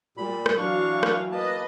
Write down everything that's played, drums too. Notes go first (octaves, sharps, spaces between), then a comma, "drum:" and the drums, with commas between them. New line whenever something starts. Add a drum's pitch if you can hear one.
A#2 G3 B5
drum: rim click
E3 F#3 D4 F5 C#6
drum: rim click
A#3 B4 D#5 A5